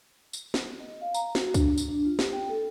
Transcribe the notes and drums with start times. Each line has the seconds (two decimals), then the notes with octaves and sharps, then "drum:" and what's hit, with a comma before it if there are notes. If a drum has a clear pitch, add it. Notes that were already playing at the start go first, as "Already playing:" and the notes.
0.33 drum: tambourine
0.54 drum: snare
0.80 D#5
1.01 F5
1.14 A#5, drum: tambourine
1.35 F#4, drum: snare
1.54 D4, drum: kick, tambourine
1.78 drum: tambourine
1.88 D4
2.05 F4
2.19 G4, drum: snare
2.33 G5
2.49 A4